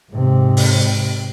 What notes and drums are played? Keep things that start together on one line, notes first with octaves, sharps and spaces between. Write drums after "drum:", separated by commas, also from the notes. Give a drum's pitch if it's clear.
G#2 C3
drum: open hi-hat